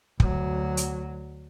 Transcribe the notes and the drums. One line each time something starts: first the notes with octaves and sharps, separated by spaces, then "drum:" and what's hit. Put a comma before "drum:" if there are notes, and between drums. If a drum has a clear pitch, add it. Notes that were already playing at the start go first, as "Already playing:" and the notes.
D2 F#3, drum: kick
drum: hi-hat